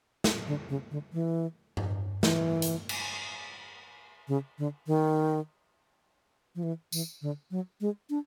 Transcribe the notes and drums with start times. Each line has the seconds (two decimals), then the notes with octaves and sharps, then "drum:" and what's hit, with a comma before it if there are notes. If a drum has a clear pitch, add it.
0.24 drum: snare
0.47 D3
0.69 C#3
0.91 D3
1.13 E3
1.77 drum: tom G2
2.23 E3, drum: snare
2.62 drum: hi-hat
2.89 drum: cymbal
4.28 C#3
4.58 D3
4.87 D#3
6.55 F3
6.63 E3
6.92 E3, drum: tambourine
7.22 D3
7.51 F#3
7.81 G#3
8.10 D4